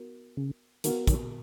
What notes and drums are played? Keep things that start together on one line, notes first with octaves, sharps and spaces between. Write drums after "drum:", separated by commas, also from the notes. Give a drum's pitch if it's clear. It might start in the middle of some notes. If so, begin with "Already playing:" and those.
Already playing: B3 F#4 A#4
C#3
D#3 B3 F#4 A#4, drum: hi-hat
D#3 F#3, drum: kick, hi-hat